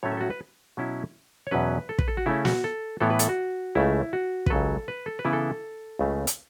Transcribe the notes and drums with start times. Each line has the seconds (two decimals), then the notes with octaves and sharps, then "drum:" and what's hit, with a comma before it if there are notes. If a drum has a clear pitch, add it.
0.03 A2 F#3 A3 C#4 C#5
0.12 E5
0.17 A4
0.21 F#4
0.30 B4
0.77 B2 F#3 C#4 E4
1.47 C#5
1.51 E2 B2 F#3 C#4 B4
1.89 A4
1.99 B4, drum: kick
2.08 A4
2.17 F#4
2.26 C#3 A3 C#4 E4
2.45 F#4, drum: snare
2.64 A4
3.00 A2 E3 B3 E4 A4
3.10 B4
3.19 A4, drum: hi-hat
3.29 F#4
3.75 C#2 C#3 A3 E4
4.13 F#4
4.46 B4, drum: kick
4.50 C#2 C#3 F#3 A4
4.88 B4
5.06 A4
5.19 B4
5.25 C#3 E3 B3 E4
5.33 A4
5.99 C#2 C#3 A3
6.27 drum: hi-hat